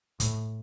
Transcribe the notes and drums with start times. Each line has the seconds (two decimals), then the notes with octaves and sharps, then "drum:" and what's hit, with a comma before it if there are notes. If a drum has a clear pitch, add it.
0.20 A2, drum: kick, hi-hat